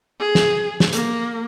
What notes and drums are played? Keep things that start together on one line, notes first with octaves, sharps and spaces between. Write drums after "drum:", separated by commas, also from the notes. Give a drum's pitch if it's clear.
G#4
drum: snare
drum: snare
A#3, drum: hi-hat